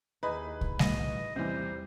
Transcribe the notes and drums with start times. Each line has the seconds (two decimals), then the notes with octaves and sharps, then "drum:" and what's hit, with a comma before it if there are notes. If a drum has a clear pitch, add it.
0.23 D#2 D#4 E4 G#4 B4
0.61 drum: kick C2
0.79 A1 B2 D#5, drum: snare G3
1.36 E2 C3 E3 G3 C5